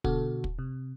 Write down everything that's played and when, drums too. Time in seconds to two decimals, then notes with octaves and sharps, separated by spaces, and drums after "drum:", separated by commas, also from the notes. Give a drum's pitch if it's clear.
0.04 B2 D3 F#4 A4, drum: kick
0.44 drum: kick
0.59 C3